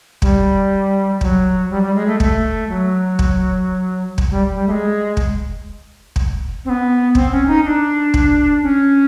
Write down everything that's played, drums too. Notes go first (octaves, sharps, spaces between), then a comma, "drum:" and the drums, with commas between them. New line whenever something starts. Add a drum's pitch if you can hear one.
G3, drum: kick
F#3, drum: kick
G3
G3
G#3
A3
A3, drum: kick
F#3
drum: kick
drum: kick
G3
G3
A3
G#3
drum: kick
drum: kick
C4
B3
C4, drum: kick
C#4
D#4
D4
drum: kick
C#4